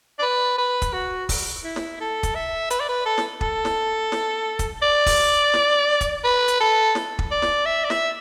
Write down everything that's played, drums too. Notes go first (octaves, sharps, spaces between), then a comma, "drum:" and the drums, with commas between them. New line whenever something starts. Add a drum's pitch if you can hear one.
D5
B4
B4
drum: kick, hi-hat
F#4
drum: kick, open hi-hat
E4
drum: snare
A4
drum: kick, hi-hat
E5
B4, drum: hi-hat
D5
B4
A4
drum: snare
A4, drum: kick
drum: snare
drum: snare
drum: kick, hi-hat
D5
drum: kick, open hi-hat
drum: snare
drum: kick, hi-hat
B4
drum: hi-hat
A4
drum: snare
drum: kick
D5
drum: snare
E5
D5
E5, drum: snare